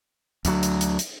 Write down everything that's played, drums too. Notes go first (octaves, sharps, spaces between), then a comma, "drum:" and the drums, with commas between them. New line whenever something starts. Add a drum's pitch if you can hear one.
D2 F#3, drum: hi-hat
drum: hi-hat
drum: hi-hat
drum: hi-hat